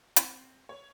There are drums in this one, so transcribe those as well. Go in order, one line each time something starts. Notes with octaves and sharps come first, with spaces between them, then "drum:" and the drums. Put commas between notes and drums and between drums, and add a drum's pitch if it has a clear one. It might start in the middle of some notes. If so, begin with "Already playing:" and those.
C4, drum: hi-hat
C#5